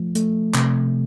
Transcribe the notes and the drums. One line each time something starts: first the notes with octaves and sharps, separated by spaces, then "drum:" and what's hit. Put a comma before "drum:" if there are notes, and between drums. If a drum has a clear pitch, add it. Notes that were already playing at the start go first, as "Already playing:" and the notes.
Already playing: F3 A3
A3, drum: hi-hat
C3, drum: clap